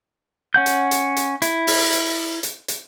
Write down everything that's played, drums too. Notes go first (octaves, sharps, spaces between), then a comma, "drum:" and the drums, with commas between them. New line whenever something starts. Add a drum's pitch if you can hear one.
C#4 F#5 G6
drum: hi-hat
drum: hi-hat
drum: hi-hat
E4, drum: hi-hat
drum: open hi-hat
drum: hi-hat
drum: hi-hat
drum: hi-hat